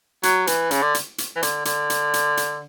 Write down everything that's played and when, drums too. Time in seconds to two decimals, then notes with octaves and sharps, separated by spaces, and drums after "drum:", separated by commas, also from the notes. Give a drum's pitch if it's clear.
0.23 F#3, drum: hi-hat
0.47 E3, drum: hi-hat
0.71 C#3, drum: hi-hat
0.82 D3
0.95 drum: hi-hat
1.18 drum: hi-hat
1.36 E3
1.43 D3, drum: hi-hat
1.65 D3, drum: hi-hat
1.90 drum: hi-hat
2.14 drum: hi-hat
2.37 drum: hi-hat